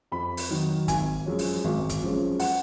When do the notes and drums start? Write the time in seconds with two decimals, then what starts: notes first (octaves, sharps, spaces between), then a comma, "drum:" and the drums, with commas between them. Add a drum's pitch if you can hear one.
0.12 F2 B5
0.37 drum: open hi-hat
0.50 D#3 F#3
0.88 G#1 G#5, drum: kick, hi-hat
1.26 F#2 F3 G#3 C#4
1.39 drum: open hi-hat
1.64 G#1
1.89 drum: kick, hi-hat
2.02 F#2 F3 G#3 C#4
2.40 F#5, drum: open hi-hat